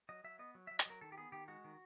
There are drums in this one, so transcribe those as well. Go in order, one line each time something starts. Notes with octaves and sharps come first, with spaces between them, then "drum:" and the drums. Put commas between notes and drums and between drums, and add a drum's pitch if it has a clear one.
F#3 D#5
F#3 E5
B3 D#5
F#3
E5
F#3
D#5, drum: hi-hat
F#3 A#4
D#3 A4
G4
B3 G#4
D#3 G4
G#3 F#4
D#3